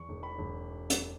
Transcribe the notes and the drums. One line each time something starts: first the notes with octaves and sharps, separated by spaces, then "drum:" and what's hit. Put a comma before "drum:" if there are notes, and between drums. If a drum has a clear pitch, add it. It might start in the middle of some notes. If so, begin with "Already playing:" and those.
Already playing: E2 C#6
E1
B5
E1
drum: hi-hat